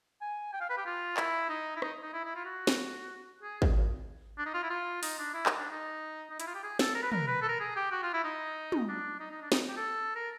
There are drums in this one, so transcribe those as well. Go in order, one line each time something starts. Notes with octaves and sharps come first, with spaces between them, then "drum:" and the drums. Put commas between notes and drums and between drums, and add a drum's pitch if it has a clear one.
G#5
G5
F5
B4
G4
F4
E4, drum: clap
D#4
E4
D#4, drum: rim click
D#4
E4
E4
F4
F#4
drum: snare
G#4
drum: kick
D4
D#4
F4
E4
F4
D#4, drum: open hi-hat
D4
E4
D#4, drum: clap
D4
D#4
D#4
E4, drum: hi-hat
F4
G4
G#4
A4, drum: snare
A#4
B4
A#4, drum: tom
B4
A4
A#4
G#4
G4
F#4
F4
E4
D#4
drum: tom
D4
D#4
D#4
D4
D#4, drum: snare
G4
A4
A#4